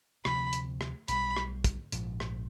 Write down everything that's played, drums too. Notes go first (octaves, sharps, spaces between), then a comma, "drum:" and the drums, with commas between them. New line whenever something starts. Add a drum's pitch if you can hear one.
D2 C3 F3 B5, drum: rim click
drum: hi-hat
drum: rim click
B1 B2 G3 B5, drum: hi-hat
drum: rim click
drum: kick, hi-hat
A#1 G#2 F3, drum: hi-hat
drum: rim click